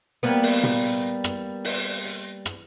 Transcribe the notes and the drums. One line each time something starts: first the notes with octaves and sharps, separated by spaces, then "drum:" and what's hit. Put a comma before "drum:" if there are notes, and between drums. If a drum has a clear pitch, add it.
G3 A#3 B3
drum: open hi-hat
drum: tom
drum: hi-hat
drum: rim click
drum: open hi-hat
drum: hi-hat
drum: rim click